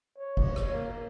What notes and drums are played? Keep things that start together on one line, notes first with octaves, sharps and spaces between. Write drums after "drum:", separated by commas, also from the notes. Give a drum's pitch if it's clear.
C#5
drum: kick, cymbal
drum: rim click
A#3